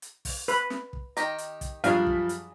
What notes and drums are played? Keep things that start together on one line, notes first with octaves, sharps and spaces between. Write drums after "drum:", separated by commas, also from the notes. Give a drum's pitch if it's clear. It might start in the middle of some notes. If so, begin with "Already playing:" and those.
drum: hi-hat
drum: kick, open hi-hat
B4, drum: hi-hat
drum: snare
drum: kick
D#3 G4 A#5, drum: hi-hat
drum: hi-hat
drum: kick, hi-hat
F#2 F3 G3 D4 F#4 G#4 F5, drum: hi-hat
drum: kick
drum: hi-hat